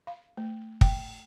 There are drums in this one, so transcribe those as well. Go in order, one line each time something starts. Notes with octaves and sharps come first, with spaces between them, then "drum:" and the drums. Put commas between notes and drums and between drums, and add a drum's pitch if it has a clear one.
F5
A3
G5, drum: kick